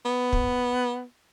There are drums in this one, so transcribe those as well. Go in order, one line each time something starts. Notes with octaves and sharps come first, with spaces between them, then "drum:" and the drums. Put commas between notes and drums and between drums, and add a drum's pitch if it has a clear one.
B3
drum: kick